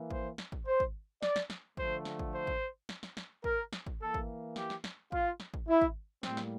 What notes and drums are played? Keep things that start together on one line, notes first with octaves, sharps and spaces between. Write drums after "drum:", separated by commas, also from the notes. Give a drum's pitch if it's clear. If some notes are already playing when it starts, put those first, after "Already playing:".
Already playing: E3 A#3
C5, drum: kick
drum: snare
drum: kick
C5
drum: kick
D5, drum: snare
drum: snare
drum: snare
D3 F3 A3 C5, drum: kick
drum: snare
drum: kick
C5
drum: kick
drum: snare
drum: snare
drum: snare
A#4, drum: kick
drum: snare
drum: kick
E3 A#3 A4
drum: kick
G4, drum: snare
drum: snare
drum: snare
F4, drum: kick
drum: snare
drum: kick
E4
drum: kick
A2 G3 A#3 C4, drum: snare
drum: snare